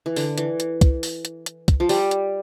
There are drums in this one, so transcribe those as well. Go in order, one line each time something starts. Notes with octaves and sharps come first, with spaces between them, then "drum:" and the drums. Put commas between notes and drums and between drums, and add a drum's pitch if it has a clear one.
E3
D3, drum: open hi-hat
E3, drum: hi-hat
drum: hi-hat
drum: kick, hi-hat
drum: open hi-hat
drum: hi-hat
drum: hi-hat
drum: kick, hi-hat
F3
G3, drum: open hi-hat
drum: hi-hat